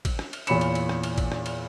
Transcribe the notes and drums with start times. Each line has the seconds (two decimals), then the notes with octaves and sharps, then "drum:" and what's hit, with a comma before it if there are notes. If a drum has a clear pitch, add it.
0.05 drum: kick, cymbal
0.19 drum: rim click
0.33 drum: cymbal
0.47 E2 A#2 C#5 B5 C#7 E7, drum: cymbal
0.61 drum: cymbal
0.75 drum: cymbal
0.89 drum: rim click
1.03 drum: cymbal
1.18 drum: kick, cymbal
1.32 drum: rim click
1.46 drum: cymbal